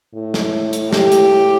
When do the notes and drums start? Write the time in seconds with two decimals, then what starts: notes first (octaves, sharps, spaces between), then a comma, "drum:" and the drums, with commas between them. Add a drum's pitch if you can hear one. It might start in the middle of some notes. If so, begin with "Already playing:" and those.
0.14 A2
0.34 drum: snare
0.73 drum: hi-hat
0.93 G4, drum: snare
1.12 drum: hi-hat